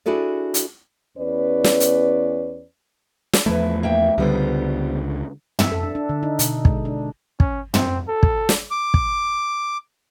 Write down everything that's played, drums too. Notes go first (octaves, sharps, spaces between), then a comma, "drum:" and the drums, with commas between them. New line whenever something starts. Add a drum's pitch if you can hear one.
D4 E4 F#4 G#4 A4 D5
drum: hi-hat
E2 C#4 B4 D5
drum: snare
drum: hi-hat
drum: snare
E2 F3 A3 E4 B4
A#3 E5 G5
C#2 D3 G3 B3 C5
E5, drum: tom
A4
D4
D4
D3
D#4
B2, drum: hi-hat
G#3, drum: kick
D4
C#4, drum: kick
C4, drum: tom
A4
drum: kick
drum: snare
D6
drum: kick